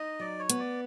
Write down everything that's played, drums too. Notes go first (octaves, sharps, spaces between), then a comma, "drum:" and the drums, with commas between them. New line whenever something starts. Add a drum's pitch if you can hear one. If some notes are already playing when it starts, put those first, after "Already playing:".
Already playing: D#4 D#5
F#3 D5
C#5
B3, drum: hi-hat
D5